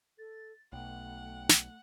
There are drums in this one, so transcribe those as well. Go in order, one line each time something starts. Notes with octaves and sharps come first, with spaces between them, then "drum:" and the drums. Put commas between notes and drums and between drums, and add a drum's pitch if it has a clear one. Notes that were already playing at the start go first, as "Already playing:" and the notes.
A4 A6
B1 A3 F#5 G5
drum: snare